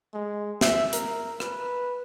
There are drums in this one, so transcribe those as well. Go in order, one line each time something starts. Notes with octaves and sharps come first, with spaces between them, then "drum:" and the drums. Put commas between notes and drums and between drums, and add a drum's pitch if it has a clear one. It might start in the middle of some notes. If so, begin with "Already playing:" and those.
G#3
E5, drum: snare
A#4, drum: hi-hat
B4, drum: rim click